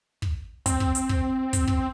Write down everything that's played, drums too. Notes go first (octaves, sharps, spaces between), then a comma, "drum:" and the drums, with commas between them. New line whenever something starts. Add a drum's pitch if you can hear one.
drum: kick
C4, drum: kick, hi-hat
drum: kick
drum: hi-hat
drum: kick
drum: kick, hi-hat
drum: kick